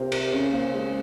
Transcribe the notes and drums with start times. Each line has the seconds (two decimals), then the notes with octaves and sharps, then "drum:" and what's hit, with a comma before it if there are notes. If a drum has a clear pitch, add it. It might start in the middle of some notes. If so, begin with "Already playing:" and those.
Already playing: C3 F4 A#4 C5
0.12 A#4, drum: cymbal
0.33 C#3 C#4
0.47 A#3
0.53 C4
0.74 G#3